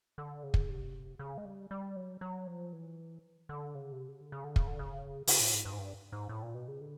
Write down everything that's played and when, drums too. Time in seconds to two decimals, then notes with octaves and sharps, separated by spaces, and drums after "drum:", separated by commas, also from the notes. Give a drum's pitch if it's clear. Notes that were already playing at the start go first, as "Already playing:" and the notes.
0.18 D3
0.43 C#3
0.54 drum: kick
0.69 C3
1.19 C#3
1.38 G#3
1.45 G3
1.71 G3
1.96 F#3
2.21 F#3
2.47 F3
2.73 E3
3.49 D3
3.75 C#3
3.92 C3
4.08 C#3
4.21 D3
4.32 C#3
4.44 D3
4.56 C#3, drum: kick
4.67 D3
4.79 C#3
5.27 C#3, drum: open hi-hat
5.41 A2
5.53 G#2
5.65 G2
5.73 G#2
5.78 G2
6.12 G#2
6.29 A2
6.42 A#2
6.55 B2
6.68 C#3
6.81 D3